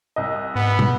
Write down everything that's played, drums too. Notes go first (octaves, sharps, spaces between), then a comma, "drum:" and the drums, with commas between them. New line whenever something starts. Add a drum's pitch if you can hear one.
C2 D#5
G#2 B3
drum: tom